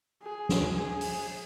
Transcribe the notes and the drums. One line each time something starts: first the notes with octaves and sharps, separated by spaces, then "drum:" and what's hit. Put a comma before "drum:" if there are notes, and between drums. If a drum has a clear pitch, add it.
G#4
drum: snare
G#4
drum: open hi-hat